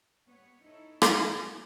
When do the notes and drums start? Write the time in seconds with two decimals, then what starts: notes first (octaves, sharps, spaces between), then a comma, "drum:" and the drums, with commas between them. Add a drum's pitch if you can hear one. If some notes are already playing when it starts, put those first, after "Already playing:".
0.25 G3 B3 C#5
0.64 D#4 E4 A4 C#5
1.02 A#3 C4, drum: rim click